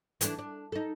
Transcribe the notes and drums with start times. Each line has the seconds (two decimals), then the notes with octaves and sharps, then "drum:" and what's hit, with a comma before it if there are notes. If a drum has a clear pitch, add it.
0.21 E3 A3 D4, drum: hi-hat
0.38 D4
0.72 D#4 A4